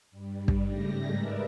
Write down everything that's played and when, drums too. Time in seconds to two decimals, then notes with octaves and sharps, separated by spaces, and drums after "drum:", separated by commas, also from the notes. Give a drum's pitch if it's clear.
0.11 G2 G3
0.48 drum: kick
0.67 G#2 C#3 G3 A3 G4 A#6
1.09 G#3 D#4 A#4 B4 D5 E5